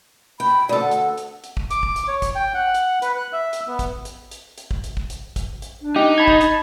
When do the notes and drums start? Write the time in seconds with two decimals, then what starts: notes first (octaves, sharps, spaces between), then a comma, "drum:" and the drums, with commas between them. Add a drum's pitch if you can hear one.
0.40 G5 B5
0.69 D2 A4 D5
0.81 F#5
0.91 drum: hi-hat
1.18 drum: hi-hat
1.44 drum: hi-hat
1.57 drum: kick
1.71 D6, drum: hi-hat
1.83 drum: kick
1.96 drum: hi-hat
2.08 C#5
2.22 drum: kick, hi-hat
2.35 G5
2.54 F#5
2.74 drum: hi-hat
3.02 B4, drum: hi-hat
3.18 F#6
3.33 E5
3.53 drum: hi-hat
3.68 B3
3.79 drum: kick, hi-hat
4.05 drum: hi-hat
4.31 drum: hi-hat
4.58 drum: hi-hat
4.71 drum: kick
4.84 drum: hi-hat
4.97 drum: kick
5.10 drum: hi-hat
5.36 drum: kick, hi-hat
5.62 drum: hi-hat
5.83 D4
5.96 D#4 G4
6.18 A5 B5 G#6
6.28 drum: kick
6.41 drum: hi-hat